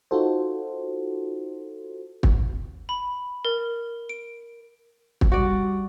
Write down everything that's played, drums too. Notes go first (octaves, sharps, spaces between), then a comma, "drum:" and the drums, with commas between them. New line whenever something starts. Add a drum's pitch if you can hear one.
D#4 F4 F#4 A4 C5
drum: kick
B5
A#4
D7
drum: kick
G3 F#4 D5